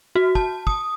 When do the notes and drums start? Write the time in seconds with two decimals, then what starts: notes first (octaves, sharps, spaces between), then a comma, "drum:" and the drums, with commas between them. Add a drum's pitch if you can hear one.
0.15 F#4
0.35 A5, drum: kick
0.67 D#6, drum: kick